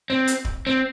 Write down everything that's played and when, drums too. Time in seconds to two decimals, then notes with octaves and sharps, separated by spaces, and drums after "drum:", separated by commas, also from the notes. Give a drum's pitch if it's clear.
0.10 C4
0.27 drum: hi-hat
0.45 drum: kick D1
0.67 C4